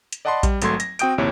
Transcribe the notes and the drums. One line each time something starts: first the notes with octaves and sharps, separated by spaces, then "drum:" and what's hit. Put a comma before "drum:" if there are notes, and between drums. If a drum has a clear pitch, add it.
drum: hi-hat
D5 D#5 F#5 A5 B5 C6
G3, drum: kick A#1, hi-hat
G#1 F#3 A3 C6 G#6, drum: hi-hat
A#6, drum: hi-hat
C4 F#4 G5 D#6 G6 D7, drum: hi-hat
A#1 D#2 C3 E4 C#5